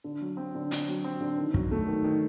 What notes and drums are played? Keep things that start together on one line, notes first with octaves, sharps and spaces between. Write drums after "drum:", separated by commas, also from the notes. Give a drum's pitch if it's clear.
D3
F#3
C4
D3
D3, drum: hi-hat
F#3
C4
D3
D#3
F#3, drum: kick
A3
D#3
D#3